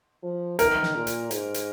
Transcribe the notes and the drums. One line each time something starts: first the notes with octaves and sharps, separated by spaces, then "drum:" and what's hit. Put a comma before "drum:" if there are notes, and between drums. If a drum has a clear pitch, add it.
F3
D#3 A#4, drum: hi-hat
drum: snare
A#2
drum: hi-hat
G#2, drum: hi-hat
drum: hi-hat